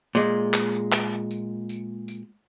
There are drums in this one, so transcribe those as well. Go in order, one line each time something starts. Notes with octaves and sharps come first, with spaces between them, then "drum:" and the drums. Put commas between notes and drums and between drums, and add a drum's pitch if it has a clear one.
A#2 G#3, drum: tambourine
drum: clap
drum: clap
drum: tambourine
drum: tambourine
drum: tambourine